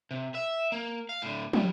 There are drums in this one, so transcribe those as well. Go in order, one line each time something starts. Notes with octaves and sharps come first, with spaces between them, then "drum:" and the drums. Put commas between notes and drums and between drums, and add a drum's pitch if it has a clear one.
C3
E5
A#3
F5
A2 D3
D#3 G3, drum: tom